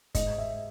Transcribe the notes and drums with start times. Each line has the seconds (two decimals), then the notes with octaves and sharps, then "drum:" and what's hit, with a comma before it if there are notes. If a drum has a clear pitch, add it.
0.15 G#2 D#5, drum: kick, hi-hat
0.38 E5